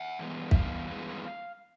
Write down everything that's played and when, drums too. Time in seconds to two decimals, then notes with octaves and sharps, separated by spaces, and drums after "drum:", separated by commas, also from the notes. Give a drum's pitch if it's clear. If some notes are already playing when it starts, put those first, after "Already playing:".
Already playing: E5 F#5
0.19 G2 E3 G#3 B3
0.51 E5, drum: kick
0.55 G2 E3 B3 F5
0.91 G2 E3 G#3 B3